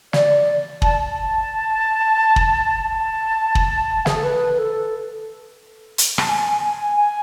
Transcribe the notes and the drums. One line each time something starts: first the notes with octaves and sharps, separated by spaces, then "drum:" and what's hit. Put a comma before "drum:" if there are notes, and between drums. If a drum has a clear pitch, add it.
D5, drum: snare
A5, drum: kick
A5
drum: kick
A5
drum: kick
G#4, drum: snare
A4
B4
A4
drum: hi-hat
A5, drum: rim click
G#5
G#5
G#5